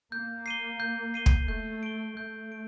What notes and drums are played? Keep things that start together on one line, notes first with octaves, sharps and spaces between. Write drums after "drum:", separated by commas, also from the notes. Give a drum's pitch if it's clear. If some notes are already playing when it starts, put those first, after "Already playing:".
A#3 G6
C7 D#7 G7
G6
C7 D#7 G7
drum: kick
A3 G6
D7 G7
A3 G6
D7